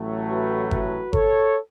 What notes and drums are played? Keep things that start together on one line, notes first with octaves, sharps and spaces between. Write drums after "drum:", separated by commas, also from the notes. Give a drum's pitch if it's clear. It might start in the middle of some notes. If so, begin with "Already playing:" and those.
Already playing: A1 A2 F#3 A3
F#4 B4
F#4 B4, drum: kick G1
A4 C#5, drum: kick G1